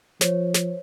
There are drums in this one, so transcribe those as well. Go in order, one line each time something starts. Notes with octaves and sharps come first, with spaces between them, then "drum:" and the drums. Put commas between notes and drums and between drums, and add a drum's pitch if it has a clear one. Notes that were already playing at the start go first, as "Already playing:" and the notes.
F3 C5 C#5, drum: snare
drum: snare